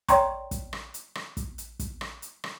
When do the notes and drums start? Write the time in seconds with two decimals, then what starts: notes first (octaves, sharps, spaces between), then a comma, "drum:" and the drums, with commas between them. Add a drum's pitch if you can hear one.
0.09 C#5 D5 G5 A#5 C6 C#6, drum: kick, hi-hat
0.51 drum: kick, hi-hat
0.73 drum: rim click
0.94 drum: hi-hat
1.15 drum: rim click
1.37 drum: kick, hi-hat
1.58 drum: hi-hat
1.79 drum: kick, hi-hat
2.01 drum: rim click
2.22 drum: hi-hat
2.44 drum: rim click